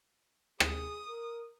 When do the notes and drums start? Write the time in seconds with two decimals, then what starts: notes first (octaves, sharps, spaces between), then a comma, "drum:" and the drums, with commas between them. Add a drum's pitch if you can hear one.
0.60 G#4 D#6, drum: rim click
1.09 A#4